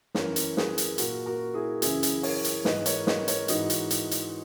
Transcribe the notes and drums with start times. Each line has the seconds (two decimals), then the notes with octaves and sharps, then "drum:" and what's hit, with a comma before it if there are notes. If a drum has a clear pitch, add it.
0.15 F#2 E3 A#4 C#5, drum: snare
0.36 drum: hi-hat
0.57 G#4 B4, drum: snare
0.78 drum: hi-hat
0.98 A#2 F#4 A#4, drum: hi-hat
1.26 F#4 A#4
1.54 E4 G#4
1.82 F#2 C#3 E3 E4 G#4, drum: hi-hat
2.03 drum: hi-hat
2.23 A#4 C#5, drum: open hi-hat
2.45 drum: hi-hat
2.65 G#2 E3 B4 D#5, drum: snare
2.86 A#4 C#5, drum: hi-hat
3.07 B4 D#5, drum: snare
3.28 A#4 C#5, drum: hi-hat
3.48 G#2 E3 D#4 F#4, drum: hi-hat
3.70 drum: hi-hat
3.91 drum: hi-hat
4.11 drum: hi-hat